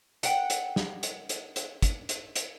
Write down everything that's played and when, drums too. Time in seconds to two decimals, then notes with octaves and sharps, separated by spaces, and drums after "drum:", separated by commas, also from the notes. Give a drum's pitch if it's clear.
0.23 F#5 G5, drum: hi-hat
0.50 drum: hi-hat
0.76 drum: snare
1.03 drum: hi-hat
1.29 drum: hi-hat
1.56 drum: hi-hat
1.82 drum: kick, hi-hat
2.09 drum: hi-hat
2.36 drum: hi-hat